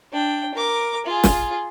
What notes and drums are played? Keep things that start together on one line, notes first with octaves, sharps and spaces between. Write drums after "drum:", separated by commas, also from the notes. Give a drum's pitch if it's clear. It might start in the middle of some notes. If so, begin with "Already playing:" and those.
D4 G5
A#4 D6
F4 G#4
drum: snare